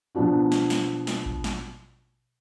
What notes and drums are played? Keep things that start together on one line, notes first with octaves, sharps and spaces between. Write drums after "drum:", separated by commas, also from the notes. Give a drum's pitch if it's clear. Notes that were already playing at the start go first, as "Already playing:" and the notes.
B2 F3 D4 F#4
drum: snare
drum: snare
drum: snare
drum: kick A1
drum: snare